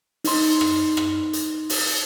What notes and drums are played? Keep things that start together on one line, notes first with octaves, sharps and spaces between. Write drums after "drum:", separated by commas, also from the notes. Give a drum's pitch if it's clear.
D#4 C6, drum: open hi-hat
drum: rim click
drum: rim click
drum: hi-hat
drum: open hi-hat